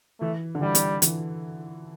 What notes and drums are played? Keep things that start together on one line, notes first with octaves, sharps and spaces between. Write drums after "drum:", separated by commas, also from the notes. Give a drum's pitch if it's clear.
E3 A3
D3
E3 G3
drum: hi-hat
E3, drum: hi-hat